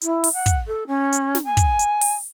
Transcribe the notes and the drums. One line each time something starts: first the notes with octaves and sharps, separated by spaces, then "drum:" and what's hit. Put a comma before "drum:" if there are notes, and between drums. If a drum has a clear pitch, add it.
E4, drum: hi-hat
drum: open hi-hat
F#5
drum: kick, hi-hat
A4
C#4
drum: hi-hat
drum: snare
G#5
drum: kick, hi-hat
drum: hi-hat
drum: open hi-hat